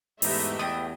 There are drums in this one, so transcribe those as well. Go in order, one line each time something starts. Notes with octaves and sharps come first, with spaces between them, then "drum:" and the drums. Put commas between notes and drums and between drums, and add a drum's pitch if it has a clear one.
E2 G#2 A3 D#4 G4 B4 D#5 E5, drum: open hi-hat
E2 G5 D#6